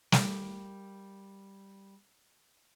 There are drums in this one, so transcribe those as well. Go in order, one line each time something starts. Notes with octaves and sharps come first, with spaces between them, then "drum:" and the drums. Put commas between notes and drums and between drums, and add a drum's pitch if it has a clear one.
G3 A#3, drum: snare